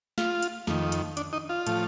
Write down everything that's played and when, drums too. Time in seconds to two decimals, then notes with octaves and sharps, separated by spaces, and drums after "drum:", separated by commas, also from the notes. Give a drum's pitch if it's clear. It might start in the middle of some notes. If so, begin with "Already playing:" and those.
0.18 F4, drum: snare
0.42 drum: hi-hat
0.67 F2 D#3, drum: snare
0.92 drum: hi-hat
1.17 D4, drum: hi-hat
1.33 D#4
1.49 F4
1.67 A2 F3, drum: hi-hat